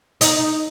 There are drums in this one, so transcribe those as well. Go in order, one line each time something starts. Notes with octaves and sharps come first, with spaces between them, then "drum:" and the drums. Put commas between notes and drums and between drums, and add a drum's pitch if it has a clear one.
D#4, drum: hi-hat